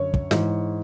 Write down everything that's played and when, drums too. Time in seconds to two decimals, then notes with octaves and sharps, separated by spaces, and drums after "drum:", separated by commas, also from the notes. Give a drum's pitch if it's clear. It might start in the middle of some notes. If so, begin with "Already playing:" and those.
Already playing: F#2 D3 C#5
0.14 drum: kick
0.31 G#2 E3, drum: snare